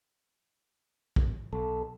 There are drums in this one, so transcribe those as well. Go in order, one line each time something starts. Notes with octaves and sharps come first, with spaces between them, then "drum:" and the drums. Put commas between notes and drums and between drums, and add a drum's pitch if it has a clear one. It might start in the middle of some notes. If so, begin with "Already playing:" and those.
drum: kick
B1 A4